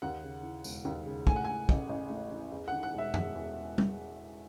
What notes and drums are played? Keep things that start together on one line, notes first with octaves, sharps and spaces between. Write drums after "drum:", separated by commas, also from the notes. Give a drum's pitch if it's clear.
D#2 F#5
C#3
E3
E1, drum: tambourine
D#2
C#3
A2 G#5, drum: kick
F#5
E3 G#5
A1, drum: kick
A1
A2
E3
E2
F#5
D#3
F#5
E1
E5
E1, drum: tom F#2
E2
drum: tom G3